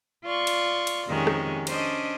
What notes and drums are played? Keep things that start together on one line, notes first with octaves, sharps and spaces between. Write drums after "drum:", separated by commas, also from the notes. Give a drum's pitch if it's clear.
F4 D5 C6 C#6
drum: cymbal
drum: cymbal
F2 C3 D#3 G#3 C#4
drum: rim click
C#4 D4 C5 D#5, drum: cymbal